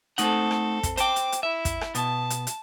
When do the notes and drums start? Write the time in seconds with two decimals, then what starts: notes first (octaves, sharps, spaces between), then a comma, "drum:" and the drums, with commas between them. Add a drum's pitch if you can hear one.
0.18 A3 C4 D#4 A4 F#5, drum: hi-hat
0.51 drum: rim click
0.83 drum: kick, hi-hat
0.97 C5 G5 D6, drum: hi-hat
1.16 drum: hi-hat
1.32 drum: hi-hat
1.43 E4 E5
1.65 drum: kick, hi-hat
1.81 drum: rim click
1.95 B2 B3 A5, drum: hi-hat
2.30 drum: hi-hat
2.47 drum: hi-hat